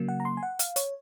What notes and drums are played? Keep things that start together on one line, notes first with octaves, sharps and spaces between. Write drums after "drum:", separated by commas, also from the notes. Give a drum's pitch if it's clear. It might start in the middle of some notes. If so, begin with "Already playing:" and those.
Already playing: C#3 F#3 A#3
F#5
A#5
C6
G#5
F#5
F5, drum: hi-hat
C#5, drum: hi-hat